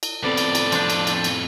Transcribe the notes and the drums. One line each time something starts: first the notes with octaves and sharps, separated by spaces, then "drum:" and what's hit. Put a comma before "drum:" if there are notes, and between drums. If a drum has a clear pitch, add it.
drum: cymbal
F2 A2 B3 C4 A4 D5
drum: cymbal
drum: cymbal
F3 D4, drum: cymbal
drum: cymbal
drum: cymbal
drum: cymbal